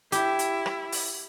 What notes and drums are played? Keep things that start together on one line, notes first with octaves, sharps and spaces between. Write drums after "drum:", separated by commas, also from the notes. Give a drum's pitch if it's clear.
E4 G4, drum: hi-hat
drum: hi-hat
drum: rim click
drum: open hi-hat